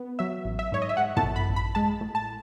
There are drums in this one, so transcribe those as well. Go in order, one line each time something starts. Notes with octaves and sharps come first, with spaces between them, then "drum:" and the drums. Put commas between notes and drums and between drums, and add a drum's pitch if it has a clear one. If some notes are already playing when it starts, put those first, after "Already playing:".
Already playing: B3
F#3 E5
A1
E5
G#2 C#5
D#5
E5
G#2 F#5
A5, drum: tom
A1
B5
A1
B5
G#3 A5
A2
A5